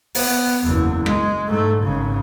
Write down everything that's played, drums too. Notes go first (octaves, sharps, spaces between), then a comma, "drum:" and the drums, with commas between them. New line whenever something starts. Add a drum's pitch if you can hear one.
B3, drum: open hi-hat
F#1 E2
G#3, drum: rim click
G#2 A3
G#1 C#3